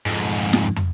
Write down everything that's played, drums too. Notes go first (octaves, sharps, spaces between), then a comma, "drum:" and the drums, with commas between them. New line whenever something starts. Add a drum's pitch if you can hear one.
F2 G#2
drum: snare
drum: tom